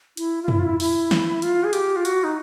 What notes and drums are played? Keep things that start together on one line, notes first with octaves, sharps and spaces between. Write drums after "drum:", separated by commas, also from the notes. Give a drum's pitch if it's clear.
E4, drum: hi-hat
F4
E4, drum: tom
F4
E4
E4, drum: open hi-hat
drum: snare
F4, drum: hi-hat
G#4
G4, drum: hi-hat
F4
F#4, drum: hi-hat
D#4